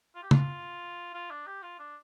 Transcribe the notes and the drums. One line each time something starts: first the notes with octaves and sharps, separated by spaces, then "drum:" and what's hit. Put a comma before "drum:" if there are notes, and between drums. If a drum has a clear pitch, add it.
F4
G4
F4, drum: tom
F4
D4
G4
F4
D4